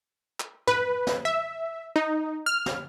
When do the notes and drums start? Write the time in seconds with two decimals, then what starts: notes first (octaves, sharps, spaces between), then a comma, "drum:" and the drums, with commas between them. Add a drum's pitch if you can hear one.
0.40 drum: clap
0.67 B4, drum: tom
1.07 drum: snare
1.25 E5
1.96 D#4
2.46 F6
2.66 drum: snare